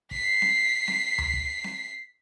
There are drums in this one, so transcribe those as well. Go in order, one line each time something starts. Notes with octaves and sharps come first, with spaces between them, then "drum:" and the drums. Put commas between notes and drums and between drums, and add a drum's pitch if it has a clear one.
B6 C7, drum: kick
drum: snare C4
drum: snare C4
drum: tom D2
drum: kick
drum: snare C4